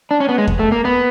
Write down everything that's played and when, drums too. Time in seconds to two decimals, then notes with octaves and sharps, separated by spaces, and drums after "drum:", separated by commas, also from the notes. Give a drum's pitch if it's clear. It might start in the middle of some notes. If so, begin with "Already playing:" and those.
0.11 D4
0.20 C#4
0.29 B3
0.38 G#3
0.48 drum: kick E2
0.59 A3
0.72 A#3
0.85 B3